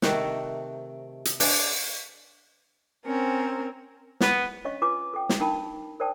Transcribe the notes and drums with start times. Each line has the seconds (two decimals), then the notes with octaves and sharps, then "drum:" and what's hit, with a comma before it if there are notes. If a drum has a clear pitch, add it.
0.02 C3 D#3 A3 F#4, drum: snare
1.25 drum: hi-hat
1.40 D4 G#4, drum: open hi-hat
3.06 C4 C#4 A#4
4.20 B3, drum: snare
4.65 C#4 D4 C#5 D#5 F5 C#6
4.82 F4 B4 G#5 D6
5.14 A4 G5
5.29 drum: snare
5.39 D4 D#4 A#4 G5 A5 B5
6.00 A#4 C5 D5 G5 A5 D#6